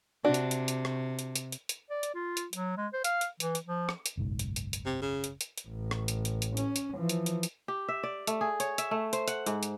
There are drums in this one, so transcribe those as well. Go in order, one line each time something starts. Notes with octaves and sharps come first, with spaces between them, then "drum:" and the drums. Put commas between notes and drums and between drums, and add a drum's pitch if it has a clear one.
C3 D4 F#4
drum: hi-hat
drum: hi-hat
drum: hi-hat
drum: rim click
drum: hi-hat
drum: hi-hat
drum: hi-hat
drum: hi-hat
D5
drum: hi-hat
F4
drum: hi-hat
F#3, drum: hi-hat
G#3
C5
F5, drum: hi-hat
drum: hi-hat
E3, drum: hi-hat
drum: hi-hat
F3
drum: rim click
drum: hi-hat
F#1 B1 G#2
drum: hi-hat
drum: hi-hat
drum: hi-hat
C3
C#3
drum: hi-hat
drum: hi-hat
drum: hi-hat
A1
drum: rim click
drum: hi-hat
drum: hi-hat
drum: hi-hat
C#4, drum: hi-hat
drum: hi-hat
E3 F3
drum: hi-hat
drum: hi-hat
drum: hi-hat
G4
E5
D5
A3, drum: hi-hat
G#4
C#5, drum: hi-hat
E5, drum: hi-hat
A3
C5, drum: hi-hat
F#5, drum: hi-hat
G#2, drum: hi-hat
drum: hi-hat